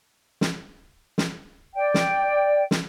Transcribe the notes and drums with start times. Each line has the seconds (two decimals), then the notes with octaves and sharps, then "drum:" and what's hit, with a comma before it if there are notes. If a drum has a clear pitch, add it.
0.41 drum: snare
1.18 drum: snare
1.75 D5 G5
1.94 drum: snare
2.71 drum: snare